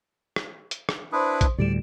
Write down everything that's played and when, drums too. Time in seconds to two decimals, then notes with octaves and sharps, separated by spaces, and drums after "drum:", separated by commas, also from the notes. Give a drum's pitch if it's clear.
0.36 drum: rim click
0.71 drum: hi-hat
0.89 drum: rim click
1.12 D4 E4 B4 C5 C6 D#6
1.41 drum: kick A#1, hi-hat
1.58 D2 A2 G3 G4 D5 D7 E7